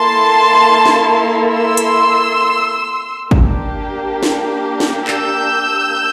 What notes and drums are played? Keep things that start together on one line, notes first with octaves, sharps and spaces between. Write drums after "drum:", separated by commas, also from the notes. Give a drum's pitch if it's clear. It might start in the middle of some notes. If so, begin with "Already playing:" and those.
Already playing: A#3 E4 A4 A5 C6
drum: snare
C6 E6
drum: hi-hat
A#3 D4 G4, drum: kick
drum: snare
drum: snare
E6 G6, drum: clap